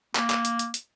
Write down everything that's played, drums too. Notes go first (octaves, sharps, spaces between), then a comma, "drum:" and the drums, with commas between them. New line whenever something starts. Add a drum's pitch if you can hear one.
A#3, drum: clap
drum: clap
drum: hi-hat
drum: hi-hat
drum: hi-hat